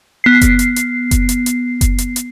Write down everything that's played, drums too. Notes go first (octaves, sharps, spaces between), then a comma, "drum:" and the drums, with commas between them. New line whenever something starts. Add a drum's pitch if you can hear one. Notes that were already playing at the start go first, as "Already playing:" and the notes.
B3 C7
drum: kick F#1, hi-hat
drum: hi-hat
drum: hi-hat
drum: kick F#1, hi-hat
drum: hi-hat
drum: hi-hat
drum: kick F#1, hi-hat
drum: hi-hat
drum: hi-hat